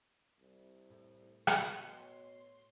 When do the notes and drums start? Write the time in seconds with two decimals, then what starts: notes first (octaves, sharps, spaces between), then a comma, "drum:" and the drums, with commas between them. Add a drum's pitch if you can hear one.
0.40 C2
0.90 A2
1.47 B2 C#6 C#7, drum: rim click
1.91 C#5 C6